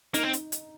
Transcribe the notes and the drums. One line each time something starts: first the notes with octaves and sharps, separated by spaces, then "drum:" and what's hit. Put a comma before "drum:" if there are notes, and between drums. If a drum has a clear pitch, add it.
A#3 D#4, drum: hi-hat
C4
drum: hi-hat
drum: hi-hat